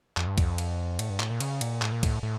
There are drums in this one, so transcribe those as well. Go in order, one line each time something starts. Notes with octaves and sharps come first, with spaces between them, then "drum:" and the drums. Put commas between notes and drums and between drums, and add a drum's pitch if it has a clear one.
F2, drum: clap
G2
F2, drum: kick C2, cymbal
drum: cymbal
A2, drum: cymbal
G2
A2, drum: clap
A#2
C#3, drum: cymbal
A#2, drum: cymbal
A2, drum: clap
A#2
A2, drum: kick C2, cymbal
A2